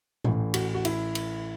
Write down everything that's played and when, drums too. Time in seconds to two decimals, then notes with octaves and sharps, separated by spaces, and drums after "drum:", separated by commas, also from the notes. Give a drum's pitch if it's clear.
0.24 A1 A2 E3, drum: tom A#2
0.54 F#4, drum: cymbal
0.74 F#4
0.85 E4, drum: cymbal
1.15 drum: cymbal